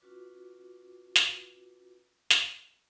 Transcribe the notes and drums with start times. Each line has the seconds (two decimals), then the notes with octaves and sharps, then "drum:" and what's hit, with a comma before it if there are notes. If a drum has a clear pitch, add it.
0.01 C#4 F4 F#4 B4 D6
1.16 drum: snare
2.31 drum: snare